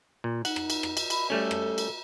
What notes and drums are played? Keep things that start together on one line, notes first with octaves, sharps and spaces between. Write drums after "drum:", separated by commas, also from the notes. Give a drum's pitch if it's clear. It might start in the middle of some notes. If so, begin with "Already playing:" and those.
A#2
D#4 F#5, drum: cymbal
drum: rim click
drum: cymbal
drum: rim click
drum: cymbal
B5, drum: cymbal
G3 A3 C#4 A4
drum: rim click
drum: cymbal